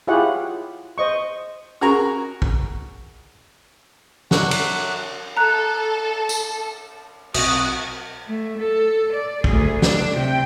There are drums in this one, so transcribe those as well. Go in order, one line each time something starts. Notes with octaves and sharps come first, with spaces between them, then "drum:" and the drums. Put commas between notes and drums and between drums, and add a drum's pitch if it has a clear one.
E4 F4 G4 G#4 C#5 F#5
C5 D#5 C#6
F#4 G#4 A#4 A#5 C#6
drum: kick
D3 F#3 D4 F#5 C#6, drum: snare
drum: cymbal
A4 A#5 F#6
drum: tambourine
B1 C4 F#4 D#6, drum: cymbal
A3
A4
D5
D2 G#4, drum: kick
D4, drum: snare
C3 G5